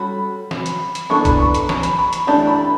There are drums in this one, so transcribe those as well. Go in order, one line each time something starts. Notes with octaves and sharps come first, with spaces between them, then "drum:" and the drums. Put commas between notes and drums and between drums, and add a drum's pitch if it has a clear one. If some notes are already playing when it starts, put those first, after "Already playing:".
Already playing: G3 C#4 F#4 A4 B5
drum: snare
drum: hi-hat
drum: hi-hat
E3 B3 D4 A4 C#6
B5, drum: kick, hi-hat
C#6
B5, drum: hi-hat
B5, drum: snare
drum: hi-hat
B5
drum: hi-hat
E3 A3 D4 G4 A5
B5